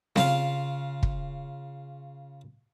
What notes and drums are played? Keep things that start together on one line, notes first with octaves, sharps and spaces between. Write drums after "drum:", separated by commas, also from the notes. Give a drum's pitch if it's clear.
C#3 F4 F5, drum: snare C4
drum: kick